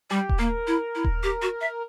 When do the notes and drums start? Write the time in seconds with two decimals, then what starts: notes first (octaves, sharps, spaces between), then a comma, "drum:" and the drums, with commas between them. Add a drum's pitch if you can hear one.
0.10 G3 G4
0.29 drum: kick D#1
0.39 A#3 A#4
0.67 E4
0.95 E4
1.04 drum: kick D#1
1.23 G4
1.42 F#4
1.61 E5